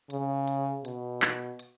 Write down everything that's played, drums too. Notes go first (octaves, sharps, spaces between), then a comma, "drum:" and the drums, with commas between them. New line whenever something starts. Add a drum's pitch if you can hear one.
C#3, drum: hi-hat
drum: hi-hat
B2, drum: hi-hat
drum: clap
drum: hi-hat